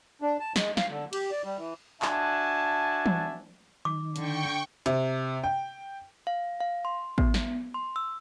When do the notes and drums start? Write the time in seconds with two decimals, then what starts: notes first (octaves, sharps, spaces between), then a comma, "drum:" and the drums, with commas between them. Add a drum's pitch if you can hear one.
0.22 D4
0.40 A5
0.56 G#3, drum: snare
0.77 F5, drum: snare
0.89 D3
1.13 G4, drum: cymbal
1.31 D5
1.44 G3
1.57 E3
2.02 D4 F#4 E5 G#5 A5, drum: clap
3.06 drum: tom E3
3.85 D#3 D6
4.16 D3 G5 C#6, drum: hi-hat
4.86 C3, drum: hi-hat
5.44 G5
6.27 F5
6.61 F5
6.85 C6
7.18 B3, drum: kick A1
7.34 drum: snare
7.74 C6
7.96 E6